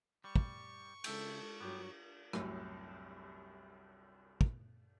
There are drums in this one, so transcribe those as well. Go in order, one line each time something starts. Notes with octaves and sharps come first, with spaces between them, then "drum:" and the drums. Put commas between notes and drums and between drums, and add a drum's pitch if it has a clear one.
G3 C#6
drum: kick
C#3 G#3 A4 E5 G5, drum: cymbal
G2 F#3 B3 G4
C2 F#2 A2, drum: rim click
drum: kick